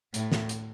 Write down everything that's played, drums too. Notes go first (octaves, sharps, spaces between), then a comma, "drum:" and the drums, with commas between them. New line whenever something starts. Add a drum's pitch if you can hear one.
A2, drum: hi-hat
drum: snare
drum: hi-hat